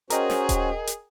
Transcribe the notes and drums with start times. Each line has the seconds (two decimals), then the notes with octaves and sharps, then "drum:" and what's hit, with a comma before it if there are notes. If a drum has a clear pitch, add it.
0.10 C#4 F#4 G#4 A#4 C5 D#5 G5, drum: hi-hat
0.30 drum: snare
0.49 drum: kick D#1, hi-hat
0.87 drum: hi-hat